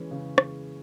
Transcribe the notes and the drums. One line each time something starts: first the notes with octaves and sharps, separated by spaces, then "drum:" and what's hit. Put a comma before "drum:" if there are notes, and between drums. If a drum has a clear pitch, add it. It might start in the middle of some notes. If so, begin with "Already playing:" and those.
Already playing: E3 G#3 B3 C#4
C#3
drum: rim click